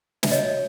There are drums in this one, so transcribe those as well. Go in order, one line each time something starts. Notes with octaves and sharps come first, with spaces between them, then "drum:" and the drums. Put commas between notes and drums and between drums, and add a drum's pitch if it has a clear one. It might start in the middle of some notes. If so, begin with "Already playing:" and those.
E5, drum: snare
F#4 C#5 D#5
C#5